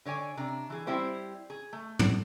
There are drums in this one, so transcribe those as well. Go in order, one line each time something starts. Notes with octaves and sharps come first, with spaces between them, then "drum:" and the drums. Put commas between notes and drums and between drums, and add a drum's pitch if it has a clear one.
D3 C#5 D5 G#5
C3 D4 A#5
E3 G#4
G3 C4 E4 G4 C5 D5
G#4
A3
drum: tom